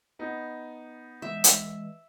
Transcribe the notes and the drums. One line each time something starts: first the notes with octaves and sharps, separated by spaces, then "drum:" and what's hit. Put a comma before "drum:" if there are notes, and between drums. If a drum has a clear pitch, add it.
B3 D#4
E3 G#3 E5
drum: hi-hat